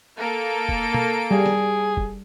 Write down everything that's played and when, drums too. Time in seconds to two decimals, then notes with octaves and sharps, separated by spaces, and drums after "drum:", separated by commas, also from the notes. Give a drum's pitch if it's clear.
0.17 A#3 A4 D7
0.69 drum: kick
0.94 drum: tom
1.31 G3 G#4
1.46 drum: snare
1.97 drum: kick